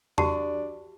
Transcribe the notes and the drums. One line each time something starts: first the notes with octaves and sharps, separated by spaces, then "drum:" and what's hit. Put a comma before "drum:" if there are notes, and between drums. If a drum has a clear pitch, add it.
D4 F#4 G4 A5, drum: tom E2